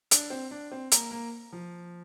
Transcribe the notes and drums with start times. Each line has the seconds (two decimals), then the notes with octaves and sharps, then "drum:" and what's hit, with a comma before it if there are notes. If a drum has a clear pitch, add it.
0.11 D4, drum: hi-hat
0.30 C4
0.51 D4
0.71 C4
0.91 A#3, drum: hi-hat
1.11 A#3
1.53 F3